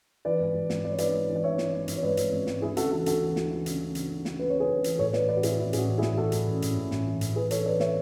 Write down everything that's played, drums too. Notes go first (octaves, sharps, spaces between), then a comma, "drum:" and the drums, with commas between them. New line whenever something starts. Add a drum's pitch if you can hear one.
E3 B4 D5
G#1
G#1
G#1, drum: snare
G#1 D5
C#5
G#2 B4 D5, drum: hi-hat
G#1
E3
D5
G#2 C#5 E5
E3, drum: snare
G#1
G#1, drum: hi-hat
C#5
G#1 B4 D5
G#1, drum: hi-hat
G#1
G#1, drum: snare
D2 E4 G#4
C#3 F#4 A4, drum: hi-hat
E3 F#4 A4
D2 F#4 A4, drum: hi-hat
E3
D2, drum: snare
E3
C#3, drum: hi-hat
C#3
C#3, drum: hi-hat
D2
C#3, drum: snare
C#3 B4
C#3 C#5
G#4 B4
D2
E3, drum: hi-hat
A2 A4 C#5
E3 B4 D5, drum: snare
E3 B4 D5
F#4
A2 E4 G#4, drum: hi-hat
E3 E4
A1 F#4 G#4, drum: hi-hat
A1
E4 G#4
E3, drum: snare
E3 F#4 A4
A2, drum: hi-hat
A1
A1, drum: hi-hat
A1
A1, drum: snare
E3
A2, drum: hi-hat
E3 G#4 B4
E3 A4 C#5, drum: hi-hat
E3 B4 D5
C#5 E5, drum: snare